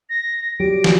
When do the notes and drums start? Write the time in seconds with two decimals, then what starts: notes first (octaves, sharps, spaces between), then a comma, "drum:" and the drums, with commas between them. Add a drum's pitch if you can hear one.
0.10 A#6
0.60 F#3 G4 D7
0.84 drum: snare